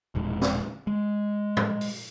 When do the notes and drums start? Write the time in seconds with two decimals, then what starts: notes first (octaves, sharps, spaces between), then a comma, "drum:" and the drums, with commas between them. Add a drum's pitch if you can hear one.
0.15 E1 A#1 G#2
0.41 drum: snare
0.87 G#3
1.57 drum: tom G#2
1.81 drum: open hi-hat